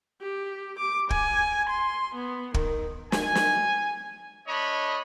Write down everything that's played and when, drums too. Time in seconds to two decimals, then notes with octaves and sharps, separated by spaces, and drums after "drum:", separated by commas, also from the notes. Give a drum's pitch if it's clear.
0.22 G4
0.79 D6
1.10 G#5, drum: kick
1.70 C6
2.15 B3
2.54 D#3, drum: kick
3.12 G#5, drum: snare
3.35 drum: snare
4.47 A3 D4 C#5 D#5 B5